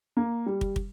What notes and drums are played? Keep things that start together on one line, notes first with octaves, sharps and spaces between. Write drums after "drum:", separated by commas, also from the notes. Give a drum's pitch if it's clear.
A#3
G3
drum: kick
drum: kick